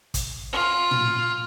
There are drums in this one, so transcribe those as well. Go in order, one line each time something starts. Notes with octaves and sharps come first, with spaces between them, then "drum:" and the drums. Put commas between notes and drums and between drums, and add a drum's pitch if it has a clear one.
drum: kick, hi-hat
F4
drum: tom